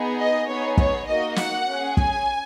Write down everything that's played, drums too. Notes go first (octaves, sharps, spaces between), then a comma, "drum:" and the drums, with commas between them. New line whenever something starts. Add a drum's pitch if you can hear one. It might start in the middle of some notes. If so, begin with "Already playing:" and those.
Already playing: B3 D#4 G#4
D#5
B3 D#4 G#4 C#5
C#5, drum: kick
A#3 D#4 F#4 D#5
F#5, drum: snare
C#4
G#4
G#5, drum: kick